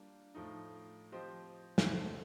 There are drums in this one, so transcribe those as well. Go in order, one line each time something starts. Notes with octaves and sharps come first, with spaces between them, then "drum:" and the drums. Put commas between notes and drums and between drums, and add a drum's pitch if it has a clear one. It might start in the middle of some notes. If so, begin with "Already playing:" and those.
Already playing: G3 A#3 D4 F4
A2 F3 A3 D#4
F3 C4 G4 C5 D#5
drum: snare
D3 A3 C4